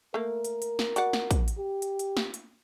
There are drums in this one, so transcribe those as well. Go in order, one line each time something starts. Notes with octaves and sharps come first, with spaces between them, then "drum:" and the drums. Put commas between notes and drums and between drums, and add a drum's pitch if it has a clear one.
A3 A#3 A#4
drum: hi-hat
drum: hi-hat
drum: snare
F#4 D5 F#5, drum: hi-hat
drum: snare
drum: kick, hi-hat
drum: hi-hat
G4
drum: hi-hat
drum: hi-hat
drum: snare
drum: hi-hat